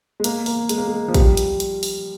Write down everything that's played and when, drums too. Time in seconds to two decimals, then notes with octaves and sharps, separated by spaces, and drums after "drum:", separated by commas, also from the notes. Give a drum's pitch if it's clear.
0.20 G#3
0.24 A#3, drum: hi-hat
0.46 A#3, drum: open hi-hat
0.69 G#3, drum: hi-hat
0.78 A#3
0.88 G#3
1.08 F3
1.14 G3, drum: kick, hi-hat
1.37 drum: hi-hat
1.60 drum: hi-hat
1.83 drum: open hi-hat